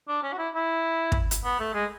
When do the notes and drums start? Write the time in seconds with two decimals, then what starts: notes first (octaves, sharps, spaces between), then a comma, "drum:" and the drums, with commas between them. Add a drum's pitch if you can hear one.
0.08 D4
0.23 C#4
0.32 F#4
0.38 E4
0.53 E4
1.12 drum: kick
1.31 drum: hi-hat
1.44 B3
1.59 A3
1.74 G#3